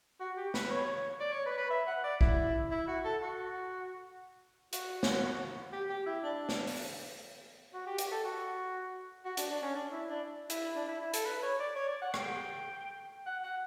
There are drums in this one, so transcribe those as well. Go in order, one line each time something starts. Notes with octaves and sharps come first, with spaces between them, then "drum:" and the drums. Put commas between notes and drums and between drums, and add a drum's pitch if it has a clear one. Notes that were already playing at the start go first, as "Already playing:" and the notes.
F#4
G4
B4, drum: snare
C#5
D5
C#5
B4
B4
E5
F#5
D5
E4, drum: kick
E4
F#4
A4
F#4
F#4, drum: hi-hat
drum: snare
G4
G4
E4
D4
drum: snare
drum: open hi-hat
F#4
G4
G4, drum: hi-hat
A4
F#4
F#4
D4, drum: hi-hat
D4
C#4
D4
E4
D4
E4, drum: hi-hat
D4
E4
E4
A4, drum: hi-hat
B4
C#5
D5
C#5
D5
F#5
G5, drum: rim click
F#5
F#5